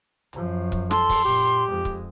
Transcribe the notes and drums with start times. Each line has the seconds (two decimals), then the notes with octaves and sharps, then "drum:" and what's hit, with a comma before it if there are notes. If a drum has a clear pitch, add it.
0.33 F#2 F3, drum: hi-hat
0.72 drum: kick, hi-hat
0.91 A4 C6, drum: snare
1.10 drum: kick, open hi-hat
1.25 A#2 G4
1.47 drum: hi-hat
1.67 F2 G#3
1.85 drum: kick, hi-hat